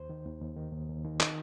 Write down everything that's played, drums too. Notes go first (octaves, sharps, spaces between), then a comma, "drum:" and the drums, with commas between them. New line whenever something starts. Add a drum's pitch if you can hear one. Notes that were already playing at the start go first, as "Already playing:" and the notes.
Already playing: D#2 C5
D#3
D#2
D#2
D#3
D#2
D#2
D#3
D#3, drum: clap